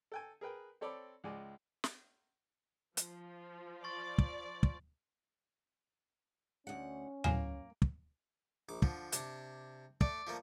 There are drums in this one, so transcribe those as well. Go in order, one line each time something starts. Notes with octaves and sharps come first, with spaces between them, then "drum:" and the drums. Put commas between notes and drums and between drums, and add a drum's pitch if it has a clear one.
A4 G5 G#5
G#4 A#4 B4 G5
C4 A4 C#5 D5 B5
C#2 G#3 D5 G#5
drum: snare
F3, drum: hi-hat
D5 C6 C#6 A6
drum: kick
drum: kick
D2 C#4 F#5
E2 A2 F#3 A#3 G#5, drum: tom D2
drum: kick
A#1 D6
D3 F3, drum: kick
C3 D4, drum: hi-hat
A3 D5, drum: kick
F3 A3 A#3